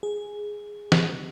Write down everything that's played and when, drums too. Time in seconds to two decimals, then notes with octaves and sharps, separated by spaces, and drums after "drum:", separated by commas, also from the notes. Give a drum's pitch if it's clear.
0.03 G#4
0.92 drum: snare